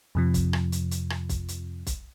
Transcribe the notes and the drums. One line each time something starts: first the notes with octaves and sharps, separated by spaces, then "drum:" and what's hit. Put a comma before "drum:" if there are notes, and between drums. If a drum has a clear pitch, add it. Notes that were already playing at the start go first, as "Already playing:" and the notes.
F2 C3 F3
drum: kick, hi-hat
drum: rim click
drum: hi-hat
drum: hi-hat
drum: rim click
drum: kick, hi-hat
drum: hi-hat
drum: kick, hi-hat